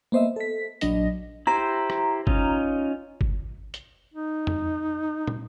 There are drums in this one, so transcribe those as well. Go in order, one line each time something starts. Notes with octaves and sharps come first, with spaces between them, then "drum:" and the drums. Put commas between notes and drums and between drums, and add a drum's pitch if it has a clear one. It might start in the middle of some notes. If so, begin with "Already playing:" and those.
A#3 B3 C5 D#5 E5
A4 B6
A#1 F#3 D4 D#5 A#6, drum: hi-hat
E4 G4 C5 A#5
drum: rim click
C#4 D#4 F4, drum: kick G1
drum: kick G1
drum: hi-hat
D#4
drum: tom F2
drum: tom